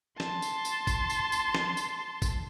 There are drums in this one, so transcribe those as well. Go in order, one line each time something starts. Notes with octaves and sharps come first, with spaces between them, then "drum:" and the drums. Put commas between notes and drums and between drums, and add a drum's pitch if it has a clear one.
A5 C6, drum: snare
drum: tambourine
drum: tambourine
drum: kick G#1, tambourine
drum: tambourine
drum: tambourine
drum: snare
drum: tambourine
drum: kick G#1, tambourine